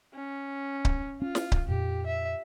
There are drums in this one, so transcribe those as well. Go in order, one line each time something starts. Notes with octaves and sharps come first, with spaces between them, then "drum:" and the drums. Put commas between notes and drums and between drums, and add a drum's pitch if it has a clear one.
C#4
drum: kick C#1
C#4 F4
drum: snare
drum: kick C#1
F2 A#2 G4
E5